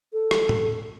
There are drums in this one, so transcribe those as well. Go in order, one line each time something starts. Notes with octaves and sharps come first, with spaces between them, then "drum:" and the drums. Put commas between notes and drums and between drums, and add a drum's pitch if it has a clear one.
A4
drum: rim click
drum: tom